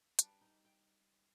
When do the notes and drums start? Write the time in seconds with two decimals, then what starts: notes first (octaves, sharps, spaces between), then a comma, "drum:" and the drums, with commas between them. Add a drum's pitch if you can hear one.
0.19 G3 D4 B4, drum: hi-hat
0.41 D#4
0.65 G5